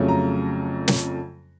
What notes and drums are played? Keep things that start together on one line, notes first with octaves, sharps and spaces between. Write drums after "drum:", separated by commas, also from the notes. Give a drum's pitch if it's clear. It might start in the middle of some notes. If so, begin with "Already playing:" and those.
Already playing: F2 C#3 F#3 A3
A#5
drum: snare